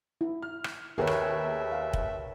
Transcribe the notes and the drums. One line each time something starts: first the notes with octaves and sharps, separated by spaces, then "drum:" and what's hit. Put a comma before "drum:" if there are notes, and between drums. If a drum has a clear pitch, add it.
E4
F6
drum: rim click
D#2 G#4 A#4 B4 C#5 E5
drum: rim click
F5
drum: kick